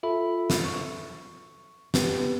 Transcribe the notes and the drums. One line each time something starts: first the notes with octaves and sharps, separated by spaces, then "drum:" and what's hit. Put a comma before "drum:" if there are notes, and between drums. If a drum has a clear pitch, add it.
F4 A4 E5 B5
drum: snare
C#6
B3 G4 B4, drum: snare